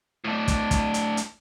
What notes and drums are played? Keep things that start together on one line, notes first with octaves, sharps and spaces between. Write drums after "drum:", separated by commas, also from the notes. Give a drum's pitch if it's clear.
A2 D4
drum: kick, hi-hat
drum: kick, hi-hat
drum: hi-hat
drum: hi-hat